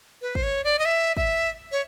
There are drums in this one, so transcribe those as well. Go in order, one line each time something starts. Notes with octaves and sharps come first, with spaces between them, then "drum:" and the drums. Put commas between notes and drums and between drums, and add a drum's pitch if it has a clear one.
B4
C5, drum: kick
C#5
D5
D#5
E5
E5, drum: kick
C#5